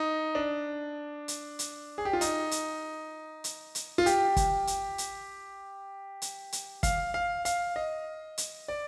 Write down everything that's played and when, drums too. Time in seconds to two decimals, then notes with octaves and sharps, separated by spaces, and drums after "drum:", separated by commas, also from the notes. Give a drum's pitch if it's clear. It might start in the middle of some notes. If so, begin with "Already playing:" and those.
Already playing: D#4
0.35 D4
1.28 drum: hi-hat
1.59 drum: hi-hat
1.98 G#4
2.05 G4
2.13 F4
2.21 D#4, drum: hi-hat
2.51 drum: hi-hat
3.44 drum: hi-hat
3.75 drum: hi-hat
3.98 F4
4.06 G4, drum: hi-hat
4.37 drum: kick, hi-hat
4.67 drum: hi-hat
4.98 drum: hi-hat
6.22 drum: hi-hat
6.52 drum: hi-hat
6.83 F5, drum: kick, hi-hat
7.14 F5
7.45 F5, drum: hi-hat
7.76 D#5
8.38 drum: hi-hat
8.68 D5